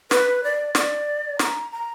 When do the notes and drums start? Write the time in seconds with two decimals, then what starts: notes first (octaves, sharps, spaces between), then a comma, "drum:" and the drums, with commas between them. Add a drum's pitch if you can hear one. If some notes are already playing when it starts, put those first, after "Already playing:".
0.11 B4, drum: snare
0.44 D5
0.75 D5, drum: snare
1.39 A#5, drum: snare
1.72 A#5